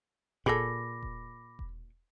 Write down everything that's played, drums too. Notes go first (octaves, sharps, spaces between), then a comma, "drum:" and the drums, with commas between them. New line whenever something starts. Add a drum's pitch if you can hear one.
A#2 G#4 A4 B5 D6 A#6, drum: kick E1
drum: kick E1
drum: kick E1